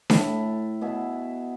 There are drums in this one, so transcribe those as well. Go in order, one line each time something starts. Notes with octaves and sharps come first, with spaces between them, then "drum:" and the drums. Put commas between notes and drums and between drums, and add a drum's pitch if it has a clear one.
A2 E4, drum: snare D4
B2 G#4 E5 F#5